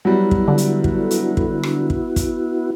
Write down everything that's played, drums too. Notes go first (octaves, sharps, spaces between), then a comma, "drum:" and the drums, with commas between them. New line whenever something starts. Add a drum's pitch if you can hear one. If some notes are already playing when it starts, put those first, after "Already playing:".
F#3 G3 B3 E4 F#4
drum: kick
D3
drum: hi-hat
drum: kick
drum: hi-hat
drum: kick
drum: rim click
drum: kick
drum: kick, hi-hat